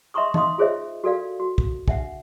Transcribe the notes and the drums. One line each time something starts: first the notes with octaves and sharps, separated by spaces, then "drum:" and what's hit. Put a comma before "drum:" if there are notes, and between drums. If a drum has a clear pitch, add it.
D#5 E5 A#5 C6 C#6 D#6
D#4 D#5 F5 C6 D#6, drum: tom
F4 G#4 C5 C#5 D#5 E5
F#4 A4 D5 F5
F#4
drum: kick
D4 E5 F#5, drum: kick